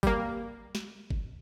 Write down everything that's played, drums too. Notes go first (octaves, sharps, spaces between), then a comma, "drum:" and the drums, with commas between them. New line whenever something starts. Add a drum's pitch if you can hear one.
G3 A#3, drum: kick G1, tambourine
drum: snare
drum: kick G1